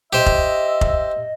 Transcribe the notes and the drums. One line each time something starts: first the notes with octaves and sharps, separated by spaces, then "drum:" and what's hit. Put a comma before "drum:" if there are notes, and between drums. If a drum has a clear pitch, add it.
G4 C5 D#5 E5
drum: kick F1
drum: kick F1